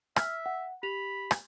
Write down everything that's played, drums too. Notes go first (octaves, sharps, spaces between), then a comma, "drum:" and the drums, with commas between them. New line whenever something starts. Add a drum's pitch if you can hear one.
E5 F6, drum: rim click
F#5
G4 B5 F7
drum: rim click